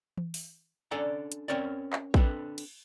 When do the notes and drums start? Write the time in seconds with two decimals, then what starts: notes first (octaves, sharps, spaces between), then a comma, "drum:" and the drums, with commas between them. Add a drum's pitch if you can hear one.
0.17 drum: tom E3
0.34 drum: open hi-hat
0.91 C#4 D4 A4 D5 F#5 A#5
1.32 drum: hi-hat
1.48 C4 C#4 A#4 C#5 D5
1.93 drum: clap
2.14 C4 D4 A4 B4, drum: kick
2.58 drum: cymbal